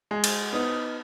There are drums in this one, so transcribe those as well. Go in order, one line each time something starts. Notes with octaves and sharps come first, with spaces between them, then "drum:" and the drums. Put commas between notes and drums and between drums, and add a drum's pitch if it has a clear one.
G#3
drum: cymbal
B3 D#4